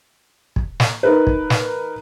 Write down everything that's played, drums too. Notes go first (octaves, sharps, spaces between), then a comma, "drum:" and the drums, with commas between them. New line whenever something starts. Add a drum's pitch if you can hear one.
drum: kick
drum: snare
D#4 A#4 B4
drum: kick
drum: snare